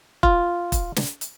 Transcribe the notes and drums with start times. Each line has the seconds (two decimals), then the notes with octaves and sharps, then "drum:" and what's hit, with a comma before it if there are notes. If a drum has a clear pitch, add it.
0.23 F4, drum: kick E1
0.72 drum: kick E1, hi-hat
0.97 drum: snare
1.21 drum: hi-hat